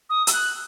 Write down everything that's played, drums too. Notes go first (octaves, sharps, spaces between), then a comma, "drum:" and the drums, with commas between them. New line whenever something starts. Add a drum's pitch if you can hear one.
D#6
E6, drum: hi-hat
F#6